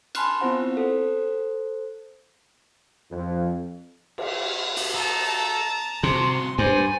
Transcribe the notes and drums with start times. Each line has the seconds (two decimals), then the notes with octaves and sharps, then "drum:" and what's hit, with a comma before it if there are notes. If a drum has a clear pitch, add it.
0.15 G#5 A5 B5 C6 F6 F#6, drum: cymbal
0.41 B3 C4 E4 F4 C5 F#5
0.77 A4 C5
3.11 F2
4.18 drum: cymbal
4.76 drum: open hi-hat
4.95 A4 A5 A#5
6.03 C2 C3 F#4 C6
6.59 G2 C5 G#5